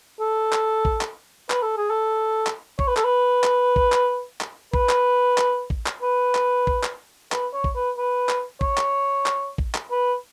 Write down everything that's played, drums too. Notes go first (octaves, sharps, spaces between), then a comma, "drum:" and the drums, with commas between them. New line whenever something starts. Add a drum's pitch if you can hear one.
A4
drum: clap
drum: kick A1
drum: clap
B4, drum: clap
A4
G#4
A4
drum: clap
C#5, drum: kick A1
B4
A4, drum: clap
B4
drum: clap
drum: kick A1
drum: clap
drum: clap
B4, drum: kick A1
drum: clap
drum: clap
drum: kick A1
drum: clap
B4
drum: clap
drum: kick A1
drum: clap
B4, drum: clap
C#5
drum: kick A1
B4
B4
drum: clap
C#5, drum: kick A1
drum: clap
drum: clap
drum: kick A1
drum: clap
B4